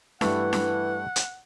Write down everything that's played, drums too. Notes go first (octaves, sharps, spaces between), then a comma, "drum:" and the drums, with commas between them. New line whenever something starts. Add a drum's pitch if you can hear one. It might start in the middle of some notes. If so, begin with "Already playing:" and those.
G2 E3 A3 F#5, drum: snare D4
drum: snare D4
drum: hi-hat